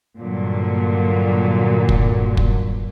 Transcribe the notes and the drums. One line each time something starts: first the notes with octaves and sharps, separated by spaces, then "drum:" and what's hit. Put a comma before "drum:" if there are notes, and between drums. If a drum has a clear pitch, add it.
G2 A#2 D3 F#3
drum: kick
drum: kick